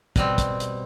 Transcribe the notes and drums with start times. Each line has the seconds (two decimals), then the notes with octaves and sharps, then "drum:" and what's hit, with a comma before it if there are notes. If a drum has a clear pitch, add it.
0.16 B2 G3 C4, drum: kick, hi-hat
0.38 drum: kick, hi-hat
0.60 drum: hi-hat